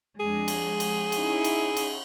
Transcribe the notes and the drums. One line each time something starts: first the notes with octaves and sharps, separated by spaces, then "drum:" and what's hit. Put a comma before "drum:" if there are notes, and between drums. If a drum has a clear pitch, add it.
F2 G#3 D4 G#4
drum: cymbal
drum: cymbal
C#4 D#4 E4, drum: cymbal
drum: cymbal
drum: cymbal